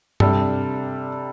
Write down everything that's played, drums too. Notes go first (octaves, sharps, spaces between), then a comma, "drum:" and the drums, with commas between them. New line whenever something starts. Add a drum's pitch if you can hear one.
C3 G3 D4 A4, drum: tom G2